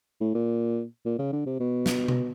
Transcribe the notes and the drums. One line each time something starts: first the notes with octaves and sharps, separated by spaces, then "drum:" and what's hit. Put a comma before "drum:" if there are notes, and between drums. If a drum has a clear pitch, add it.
A2
A#2
A#2
C#3
D3
C3
B2
drum: snare
drum: tom B2